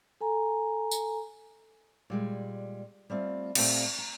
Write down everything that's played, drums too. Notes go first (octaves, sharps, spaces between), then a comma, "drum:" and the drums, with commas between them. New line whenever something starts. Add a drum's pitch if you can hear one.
A4 G#5 A#5
drum: tambourine
A#2 G3 G#3
G3 A3 C4 F4
A#2 A3 C4 G4 D5 F5, drum: cymbal
A#5